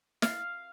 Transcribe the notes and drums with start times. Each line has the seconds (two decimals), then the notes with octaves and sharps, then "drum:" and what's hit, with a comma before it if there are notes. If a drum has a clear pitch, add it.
0.22 F5, drum: snare